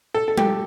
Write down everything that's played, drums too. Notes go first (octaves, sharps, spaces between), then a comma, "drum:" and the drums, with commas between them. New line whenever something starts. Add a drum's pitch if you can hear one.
A4
A4
G4, drum: tom G3